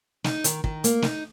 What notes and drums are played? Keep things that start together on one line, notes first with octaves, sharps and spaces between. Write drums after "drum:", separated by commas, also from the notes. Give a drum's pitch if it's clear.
D#4, drum: snare
D#3, drum: hi-hat
D#3, drum: kick
A#3, drum: hi-hat
D#4, drum: snare